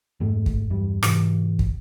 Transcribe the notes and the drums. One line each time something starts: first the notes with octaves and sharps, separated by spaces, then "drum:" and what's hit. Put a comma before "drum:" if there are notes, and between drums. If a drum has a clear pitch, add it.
F2 G#2 A3
drum: kick
E2 G2 G3
G#2 C3 E3, drum: rim click
drum: kick